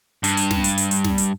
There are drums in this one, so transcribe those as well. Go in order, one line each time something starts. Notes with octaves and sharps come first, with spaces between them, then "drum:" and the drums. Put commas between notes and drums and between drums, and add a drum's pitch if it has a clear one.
G2, drum: hi-hat
drum: hi-hat
drum: snare
drum: hi-hat
drum: hi-hat
drum: hi-hat
drum: snare
drum: hi-hat